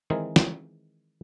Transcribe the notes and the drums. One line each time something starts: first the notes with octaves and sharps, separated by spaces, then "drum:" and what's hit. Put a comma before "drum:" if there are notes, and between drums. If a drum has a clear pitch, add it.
D#3 E3 G#3 C4 G#4 A#4
drum: snare